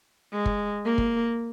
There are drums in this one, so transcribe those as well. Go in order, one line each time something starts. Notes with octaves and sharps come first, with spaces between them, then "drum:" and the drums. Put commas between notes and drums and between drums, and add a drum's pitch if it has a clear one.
G#3
drum: kick
A#3
drum: kick